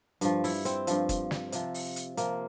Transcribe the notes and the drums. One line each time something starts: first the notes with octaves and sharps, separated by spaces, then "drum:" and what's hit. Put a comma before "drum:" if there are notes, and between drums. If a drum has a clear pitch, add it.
G2 F3, drum: hi-hat
E4, drum: open hi-hat
C4, drum: hi-hat
G2 F3, drum: hi-hat
drum: kick, hi-hat
drum: snare
C3 F3, drum: hi-hat
drum: open hi-hat
drum: hi-hat
C3 F3 A#3, drum: hi-hat